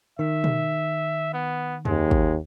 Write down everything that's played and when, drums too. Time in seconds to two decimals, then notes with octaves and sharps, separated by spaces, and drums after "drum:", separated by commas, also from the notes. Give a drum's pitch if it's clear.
0.19 D#3 E5
0.44 drum: tom B2
1.33 B3
1.85 D#2 G#3, drum: tom F2
2.11 drum: kick